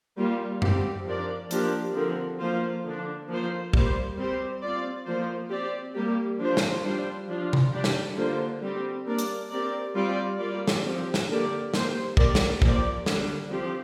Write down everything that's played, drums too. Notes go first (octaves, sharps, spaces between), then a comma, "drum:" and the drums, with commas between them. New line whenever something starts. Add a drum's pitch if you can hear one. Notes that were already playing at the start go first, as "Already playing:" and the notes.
G3 A#3 F4
G3 C4 G4, drum: tom F#2
F3 D4 A#4 D5
F3 A#3 D4 G4 A#4, drum: hi-hat
D3 F3 C4 A#4
F3 A#3 F4 C5
D3 F3 D4
F3 A#3 F4 C5
G3 A#3 G4 C5, drum: kick
G3 C4 G4 C5
C4 F4 D5
F3 A#3 F4 C5
C4 G4 D5
G3 A#3 G4
F3 D4 F4 C5
drum: snare
G3 D4 F4 C5
F3 D4 F4
drum: tom C3
G3 D4 G4 D5
drum: snare
D3 A#3 F4 C5
G3 C4 G4
A#3 D4 A#4 D5
drum: hi-hat
C4 G4 A#4 D5
G3 C4 F4 D5
G3 A#3 F4 D5
drum: snare
F3 C4 G4
drum: snare
D3 A#3 G4 A#4 D5
A#3 G4 C5, drum: snare
A#3 G4 A#4 D5, drum: kick
drum: snare
F3 A#3 G4 D5, drum: kick
D3 G3 D4, drum: snare
F3 C4 G4